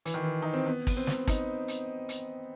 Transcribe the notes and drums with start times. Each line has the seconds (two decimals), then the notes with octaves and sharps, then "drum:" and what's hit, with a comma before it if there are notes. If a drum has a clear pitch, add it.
0.05 E3, drum: hi-hat
0.14 D#3
0.23 E3
0.42 D#4
0.54 C4
0.66 B3
0.87 drum: kick G#1, open hi-hat
0.97 C4
1.07 drum: snare
1.27 D#4, drum: kick G#1, hi-hat
1.68 drum: hi-hat
2.09 drum: hi-hat